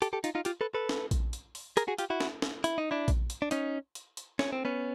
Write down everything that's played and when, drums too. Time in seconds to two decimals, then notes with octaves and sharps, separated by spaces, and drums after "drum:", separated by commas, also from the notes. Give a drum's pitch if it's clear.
0.02 G4 A4, drum: hi-hat
0.13 G4 A4
0.24 D#4 F4, drum: hi-hat
0.35 D#4 F4
0.45 F4 G4, drum: hi-hat
0.61 A4 B4
0.74 A4 B4
0.89 drum: snare
1.11 drum: kick A#1, hi-hat
1.33 drum: hi-hat
1.55 drum: open hi-hat
1.77 G#4 A#4, drum: hi-hat
1.88 F#4 G#4
1.98 F4 G4, drum: hi-hat
2.10 E4 F#4
2.20 drum: snare
2.42 drum: snare
2.64 E4, drum: hi-hat
2.78 D#4
2.91 D4 E4
3.08 drum: kick A#1, hi-hat
3.30 drum: hi-hat
3.42 D4
3.51 C#4 D#4, drum: hi-hat
3.95 drum: hi-hat
4.17 drum: hi-hat
4.39 C#4, drum: snare
4.53 C4
4.65 B3 C#4